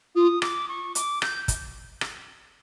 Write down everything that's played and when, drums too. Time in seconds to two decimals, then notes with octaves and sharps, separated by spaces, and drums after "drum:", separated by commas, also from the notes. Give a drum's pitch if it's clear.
0.15 F4 D#6
0.42 D6, drum: rim click
0.68 C#6
0.95 D6, drum: hi-hat
1.22 G6, drum: rim click
1.48 drum: kick, hi-hat
2.01 drum: rim click